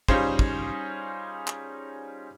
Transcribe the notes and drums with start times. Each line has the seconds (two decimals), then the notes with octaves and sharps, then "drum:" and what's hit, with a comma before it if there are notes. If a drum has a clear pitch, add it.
0.08 G3 C#4 D#4 F4 G#4 C5, drum: kick
0.39 drum: kick
1.47 drum: clap